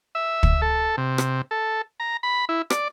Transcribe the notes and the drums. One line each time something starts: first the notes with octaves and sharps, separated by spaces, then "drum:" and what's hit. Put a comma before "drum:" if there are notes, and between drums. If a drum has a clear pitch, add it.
E5
drum: kick
A4
C3
drum: rim click
A4
A#5
B5
E4
D5, drum: rim click